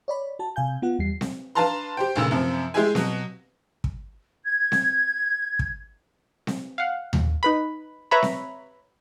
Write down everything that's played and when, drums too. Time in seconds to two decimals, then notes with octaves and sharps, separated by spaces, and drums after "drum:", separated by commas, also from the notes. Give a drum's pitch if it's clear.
0.08 C#5 D5 B5
0.39 F#4 A5
0.56 C3 F5 G#5 G6
0.82 B3 F4 F#5
0.99 E2 G3 C7
1.21 drum: snare C4
1.55 D4 B4 F5 A5 A#5 C6
1.97 G4 C5 G5
2.16 F1 A#2 C#3 E6
2.31 F#2 C3 F3
2.74 G#3 E4 G4 G#4 E5 G#5
2.95 B2 F#3, drum: snare C4
3.84 drum: kick
4.44 G#6
4.72 drum: snare C4
5.59 drum: kick
6.47 drum: snare C4
6.78 F5 F#5
7.13 drum: tom D#2
7.43 D#4 B4 B5
8.11 B4 C#5 E5 A#5 B5
8.22 drum: snare C4